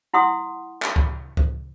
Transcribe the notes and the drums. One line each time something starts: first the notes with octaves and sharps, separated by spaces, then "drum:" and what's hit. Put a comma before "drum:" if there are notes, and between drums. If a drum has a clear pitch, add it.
E4 F#5 C6 D#6
drum: clap
drum: kick C#2
drum: kick C#2